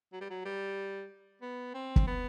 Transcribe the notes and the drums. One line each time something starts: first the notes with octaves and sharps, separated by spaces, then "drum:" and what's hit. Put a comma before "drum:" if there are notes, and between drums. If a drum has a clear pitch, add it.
F#3
G3
F#3
G3
B3
C4
drum: kick
B3